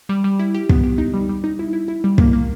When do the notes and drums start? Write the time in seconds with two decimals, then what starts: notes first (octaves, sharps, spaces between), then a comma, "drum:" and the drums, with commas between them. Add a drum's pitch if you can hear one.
0.09 G3
0.24 G3
0.39 E4
0.54 G4
0.69 B3, drum: kick
0.84 G4
0.98 D#4
1.13 G3
1.29 G3
1.44 D#4
1.59 E4
1.73 E4
1.88 E4
2.04 G3
2.18 A#3, drum: kick
2.33 A#3